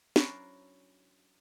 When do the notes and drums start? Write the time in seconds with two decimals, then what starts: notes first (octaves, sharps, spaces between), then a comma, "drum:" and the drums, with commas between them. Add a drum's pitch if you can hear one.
0.16 F#3 C#4 D4 E4 A#4 C5, drum: snare